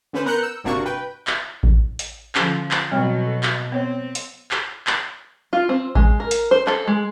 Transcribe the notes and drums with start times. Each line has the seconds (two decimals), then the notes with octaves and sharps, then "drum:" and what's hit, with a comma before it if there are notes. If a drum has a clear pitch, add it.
0.13 D3 C#4 B4 C5
0.25 B3 A#4 A#5 F#6 G6 C#7
0.43 E6
0.64 G1 C3 A#3 D4 F#4 C#6
0.85 B4 G5
1.27 drum: clap
1.63 drum: kick A1
1.99 drum: hi-hat
2.35 D3 F3 C#4, drum: clap
2.71 drum: clap
2.91 B2 F#3 G3 C4 C#5
3.26 A4
3.43 drum: clap
3.72 B3 C4 C#5
4.15 drum: hi-hat
4.51 drum: clap
4.87 drum: clap
5.53 F4
5.69 C4
5.95 G#3, drum: kick A1
6.20 A#4
6.31 drum: hi-hat
6.51 C5
6.67 A4, drum: clap
6.87 G#3